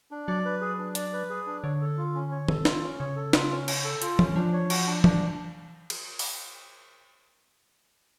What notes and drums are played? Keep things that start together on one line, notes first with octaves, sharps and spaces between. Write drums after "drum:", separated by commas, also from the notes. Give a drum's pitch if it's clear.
D4
F#3 D5
B4
G#4
D4
D5, drum: hi-hat
B4
G#4
D4
D3 C#5
A4
F4
C#4
C#5
A4, drum: tom D#3
F4, drum: snare
C#4
C#3 C#5
A4
F4, drum: snare
C#4
C#5, drum: cymbal
A4
F4, drum: hi-hat
C#4, drum: tom
F3 D4
C#5
F#4, drum: cymbal
D4
D4, drum: tom
drum: cymbal
drum: open hi-hat